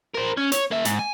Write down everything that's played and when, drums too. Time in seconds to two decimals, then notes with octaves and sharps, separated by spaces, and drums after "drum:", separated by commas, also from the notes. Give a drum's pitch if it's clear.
0.15 A#4 C5
0.37 C#4
0.52 C#5, drum: hi-hat
0.71 A#3 E5
0.85 G#2, drum: hi-hat
0.99 G#5